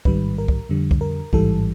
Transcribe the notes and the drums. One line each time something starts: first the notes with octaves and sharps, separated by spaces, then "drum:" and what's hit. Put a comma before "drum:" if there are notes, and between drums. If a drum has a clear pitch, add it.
A1 G#2 D#3 G3 B4, drum: kick
A#4
drum: kick
F2 D3 G3
drum: kick
A#4
A1 G#2 E3 G3 A4, drum: kick